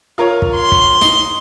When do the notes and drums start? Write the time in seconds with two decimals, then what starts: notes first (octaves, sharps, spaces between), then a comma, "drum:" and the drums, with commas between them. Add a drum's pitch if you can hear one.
0.18 F4 A#4 C#5
0.42 drum: kick
0.54 C6
0.72 drum: kick
1.01 D#4, drum: snare